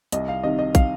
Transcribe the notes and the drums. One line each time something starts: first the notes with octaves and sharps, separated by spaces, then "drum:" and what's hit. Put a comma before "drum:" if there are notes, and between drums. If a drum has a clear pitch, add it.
C2 D#5, drum: hi-hat
F5
C3 D#3 D#5
D#5
F5, drum: kick, hi-hat